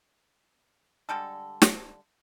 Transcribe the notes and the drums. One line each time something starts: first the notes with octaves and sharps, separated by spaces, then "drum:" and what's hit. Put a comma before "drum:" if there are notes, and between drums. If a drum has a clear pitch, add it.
D3 G3 G#3 A4
drum: snare